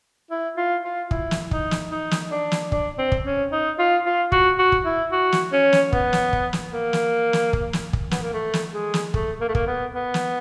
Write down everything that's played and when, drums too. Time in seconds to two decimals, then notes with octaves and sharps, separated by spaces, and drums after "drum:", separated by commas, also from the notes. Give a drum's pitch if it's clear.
0.31 E4
0.57 F4
0.84 F4
1.11 E4, drum: kick
1.31 drum: snare
1.51 D#4, drum: kick
1.71 drum: snare
1.92 D#4
2.11 drum: snare
2.31 D4
2.52 drum: snare
2.72 D4, drum: kick
2.98 C4
3.12 drum: kick
3.25 C#4
3.52 D#4
3.79 F4
4.06 F4
4.32 F#4, drum: kick
4.59 F#4
4.72 drum: kick
4.86 E4
5.12 F#4
5.32 drum: snare
5.53 C#4
5.73 drum: snare
5.93 B3, drum: kick
6.13 drum: snare
6.33 drum: kick
6.53 drum: snare
6.72 A#3
6.93 drum: snare
7.33 drum: snare
7.53 drum: kick
7.73 drum: snare
7.93 drum: kick
8.11 B3, drum: snare
8.22 A#3
8.33 A3
8.53 drum: snare
8.73 G#3
8.94 drum: snare
9.14 A3, drum: kick
9.41 A#3
9.48 A3
9.55 A#3, drum: kick
9.67 B3
9.94 B3
10.14 drum: snare